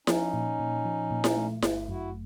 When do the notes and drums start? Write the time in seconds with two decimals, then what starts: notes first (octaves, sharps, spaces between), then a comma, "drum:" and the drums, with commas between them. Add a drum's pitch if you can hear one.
0.07 F3 C#4 D#4, drum: snare E4
0.33 A#2
0.60 A#2
0.85 F3
1.11 A#2
1.24 drum: snare E4
1.37 A3
1.62 G1, drum: snare E4
1.88 F#2 E4 F#4